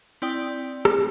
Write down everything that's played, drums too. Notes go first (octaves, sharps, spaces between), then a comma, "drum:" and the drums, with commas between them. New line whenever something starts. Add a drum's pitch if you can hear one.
C4 E4 D5 G5 D#6
drum: rim click